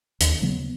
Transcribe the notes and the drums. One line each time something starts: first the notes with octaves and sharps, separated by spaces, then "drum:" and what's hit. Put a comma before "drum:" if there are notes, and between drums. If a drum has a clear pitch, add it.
D#2, drum: hi-hat
C#3 F#3 B3